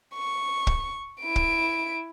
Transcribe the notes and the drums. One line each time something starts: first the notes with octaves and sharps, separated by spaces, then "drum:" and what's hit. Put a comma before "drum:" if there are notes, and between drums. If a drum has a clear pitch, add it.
C#6
drum: kick
E4 D7
drum: kick